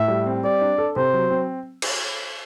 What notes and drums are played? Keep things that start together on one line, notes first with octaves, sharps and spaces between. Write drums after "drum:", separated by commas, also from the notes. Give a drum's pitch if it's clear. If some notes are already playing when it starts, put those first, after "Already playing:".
Already playing: A2 E5
G3
C4
G3 D5
D4
A4
C3 C5
F#3
C4
drum: cymbal